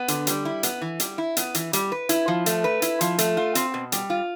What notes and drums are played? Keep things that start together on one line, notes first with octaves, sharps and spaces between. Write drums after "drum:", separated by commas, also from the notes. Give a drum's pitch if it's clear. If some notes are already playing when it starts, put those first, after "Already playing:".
Already playing: B3
D3, drum: hi-hat
G3, drum: hi-hat
E4
B3, drum: hi-hat
E3
G3, drum: hi-hat
E4
B3, drum: hi-hat
E3, drum: hi-hat
G3, drum: hi-hat
B4
E4, drum: hi-hat
F3
A3, drum: hi-hat
B4
E4, drum: hi-hat
F3, drum: hi-hat
A3, drum: hi-hat
F4
C4, drum: hi-hat
B2
G3, drum: hi-hat
F4